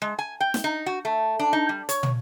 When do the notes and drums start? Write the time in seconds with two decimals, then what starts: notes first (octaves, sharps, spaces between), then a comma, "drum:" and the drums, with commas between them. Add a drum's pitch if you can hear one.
0.02 G#3
0.19 G#5
0.40 G5
0.54 drum: snare
0.64 D#4
0.86 F#4
1.05 A3
1.39 D4
1.53 D#4
1.69 G3
1.89 C#5, drum: hi-hat
2.03 drum: tom